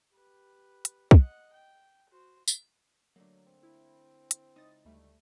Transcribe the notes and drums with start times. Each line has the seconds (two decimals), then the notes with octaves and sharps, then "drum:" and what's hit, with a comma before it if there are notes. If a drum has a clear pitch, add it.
0.14 G4 B4
0.85 drum: hi-hat
1.11 D#5 F#5, drum: kick
1.53 G5
2.09 F#4 C5
2.48 drum: tambourine
3.16 D3 F#3 A3 A#3
3.47 C4
3.63 E4
4.31 drum: hi-hat
4.56 C#2 D#4 E4 D#6 A6
4.85 D2 G3 A3